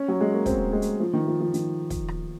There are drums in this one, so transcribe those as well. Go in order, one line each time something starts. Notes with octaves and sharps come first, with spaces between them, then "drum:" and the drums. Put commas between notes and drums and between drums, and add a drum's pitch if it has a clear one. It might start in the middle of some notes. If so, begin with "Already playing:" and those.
Already playing: C#4
F#3
G#3
A#3
C4, drum: kick, hi-hat
G#3
drum: hi-hat
F3
D#3
F3
F3
D#3, drum: hi-hat
drum: kick, hi-hat
drum: rim click